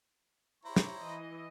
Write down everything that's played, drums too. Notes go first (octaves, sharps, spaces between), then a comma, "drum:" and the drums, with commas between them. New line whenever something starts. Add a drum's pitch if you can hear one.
E4 G4 C5 C#5 A#5
drum: snare
E3 D#5